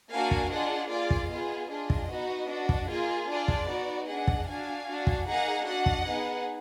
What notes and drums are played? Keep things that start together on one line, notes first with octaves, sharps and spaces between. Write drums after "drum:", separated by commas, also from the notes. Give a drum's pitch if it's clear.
A#3 D4 F#4 F5 G#5
drum: kick
D4 F4 G#4 D#5 F#5
A#3 F4 G#4 D5 F5
drum: kick
B3 F4 G#4 D#5
D4 F4 G#4 D#5
drum: kick
B3 D#4 F#4
D4 F#4
drum: kick
A#3 F4 G#4
D4 F4 G#4 D5
drum: kick
B3 D#4 F#4
D4 G#4 D#5 F#5
drum: kick
D4 F#4 F5 G#5
D4 F#4
drum: kick
A#3 D#4 G#4 F#5 A#5
D4 F#4 D#5 F#5
drum: kick
B3 D#4 G#4